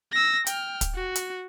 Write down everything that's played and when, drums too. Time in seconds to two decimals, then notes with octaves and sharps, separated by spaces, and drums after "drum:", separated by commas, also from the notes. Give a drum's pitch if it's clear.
0.12 E6 A#6
0.47 G5 F6, drum: hi-hat
0.81 drum: kick, hi-hat
0.95 F#4
1.15 drum: hi-hat